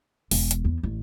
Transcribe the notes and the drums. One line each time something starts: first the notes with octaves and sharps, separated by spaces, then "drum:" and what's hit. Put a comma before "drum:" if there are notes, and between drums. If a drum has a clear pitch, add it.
E1, drum: open hi-hat
drum: hi-hat
E2
A1